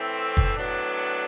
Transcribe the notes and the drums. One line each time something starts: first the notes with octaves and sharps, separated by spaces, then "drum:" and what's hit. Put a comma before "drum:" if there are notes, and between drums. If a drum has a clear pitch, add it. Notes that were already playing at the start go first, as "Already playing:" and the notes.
Already playing: A2 E3 A3 C4
drum: kick
A2 F#3 B3 D4